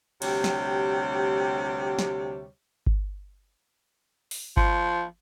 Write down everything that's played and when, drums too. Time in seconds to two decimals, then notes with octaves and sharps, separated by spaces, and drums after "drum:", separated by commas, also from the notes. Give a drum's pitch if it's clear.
0.22 D2 C3 G3 C#5, drum: cymbal
0.44 drum: snare
1.99 drum: snare
2.87 drum: kick G1
4.31 drum: open hi-hat
4.57 F3, drum: kick G1